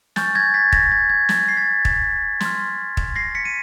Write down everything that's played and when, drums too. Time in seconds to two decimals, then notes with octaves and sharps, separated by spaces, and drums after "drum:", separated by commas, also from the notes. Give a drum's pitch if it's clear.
0.16 G#5 C#6 F6 G6 A6, drum: snare
0.35 G#6 A#6
0.54 A6 B6
0.72 G#6 A#6, drum: kick
0.92 G#6
1.10 G#6
1.29 drum: snare
1.48 C7
1.57 A6 B6
1.85 drum: kick
2.40 C6 F6, drum: snare
2.97 drum: kick
3.16 A#6 C7
3.35 B6 C#7
3.45 D#7